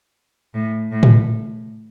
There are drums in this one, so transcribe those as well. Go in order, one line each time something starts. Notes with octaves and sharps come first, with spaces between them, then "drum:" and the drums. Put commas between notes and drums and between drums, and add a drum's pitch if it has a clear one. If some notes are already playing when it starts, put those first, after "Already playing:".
A2
A2
drum: tom A2